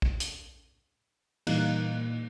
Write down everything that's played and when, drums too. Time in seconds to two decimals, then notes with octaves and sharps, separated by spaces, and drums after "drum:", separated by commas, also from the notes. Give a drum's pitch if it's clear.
0.02 drum: kick A#1
0.20 drum: hi-hat
1.47 A#2 E3 G3 A#3 D#4 F#6, drum: cymbal